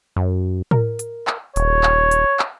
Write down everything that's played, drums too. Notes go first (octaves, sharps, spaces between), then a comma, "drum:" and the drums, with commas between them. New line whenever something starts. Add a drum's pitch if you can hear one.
F#2
A#4, drum: tom A2
drum: hi-hat
drum: clap
D#1 C#5, drum: hi-hat
drum: clap
drum: hi-hat
drum: clap